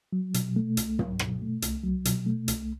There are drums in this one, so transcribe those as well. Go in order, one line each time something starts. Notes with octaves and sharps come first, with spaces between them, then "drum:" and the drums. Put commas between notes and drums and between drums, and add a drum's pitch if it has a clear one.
F#3
B2, drum: hi-hat
A3
C2, drum: hi-hat
F#3, drum: tom
B2, drum: rim click
A3
C2, drum: hi-hat
F#3
B2, drum: hi-hat
A3
C2, drum: hi-hat